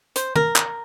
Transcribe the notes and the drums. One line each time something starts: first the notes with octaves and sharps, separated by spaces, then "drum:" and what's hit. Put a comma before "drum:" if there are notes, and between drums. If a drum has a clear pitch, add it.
C5, drum: hi-hat
A#4, drum: tom D#3
drum: clap